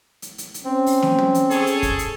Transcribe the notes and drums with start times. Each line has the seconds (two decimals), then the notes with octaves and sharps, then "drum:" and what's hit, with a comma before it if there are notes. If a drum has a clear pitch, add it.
0.22 drum: hi-hat
0.38 drum: hi-hat
0.54 drum: hi-hat
0.65 C4 C#4
0.86 drum: open hi-hat
1.02 drum: snare
1.18 drum: tom
1.35 drum: hi-hat
1.51 G#4 A4 C#5, drum: hi-hat
1.67 drum: hi-hat
1.83 drum: kick, hi-hat
1.99 drum: hi-hat